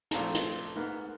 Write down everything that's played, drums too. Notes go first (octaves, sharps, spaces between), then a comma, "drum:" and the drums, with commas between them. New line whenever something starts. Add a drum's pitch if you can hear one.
A#1 A3 C4 A5 A#5, drum: hi-hat
drum: hi-hat
G#2 A#3 B3